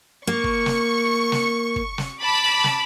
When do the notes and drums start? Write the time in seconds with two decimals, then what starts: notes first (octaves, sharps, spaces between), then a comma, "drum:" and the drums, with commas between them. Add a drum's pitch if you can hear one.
0.27 A#3 C#6
0.44 drum: kick
0.66 drum: snare
1.32 drum: snare
1.76 drum: kick
1.98 drum: snare
2.20 A5 B5 D6
2.64 drum: snare